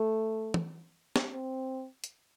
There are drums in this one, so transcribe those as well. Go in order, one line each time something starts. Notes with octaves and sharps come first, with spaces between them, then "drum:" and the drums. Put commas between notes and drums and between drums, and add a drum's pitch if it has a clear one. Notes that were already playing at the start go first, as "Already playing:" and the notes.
Already playing: A3
drum: tom
drum: snare
C4
drum: hi-hat